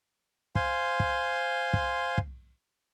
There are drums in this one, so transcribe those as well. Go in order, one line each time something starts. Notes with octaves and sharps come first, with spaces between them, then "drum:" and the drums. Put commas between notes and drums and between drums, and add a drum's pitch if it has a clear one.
C5 F5 G#5 C6, drum: kick
drum: kick
drum: kick
drum: kick